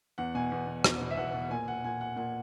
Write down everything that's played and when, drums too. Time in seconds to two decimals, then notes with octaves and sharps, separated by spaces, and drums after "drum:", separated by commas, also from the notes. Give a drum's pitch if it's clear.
0.18 E2 F#5
0.35 B2 G#5
0.52 E2
0.67 B2
0.84 E2, drum: rim click
1.01 B2
1.11 E5
1.17 E2 F#5
1.34 B2
1.50 A#2 G#5
1.68 F#5
1.84 A#2 G#5
2.01 F#5
2.16 A#2 F#5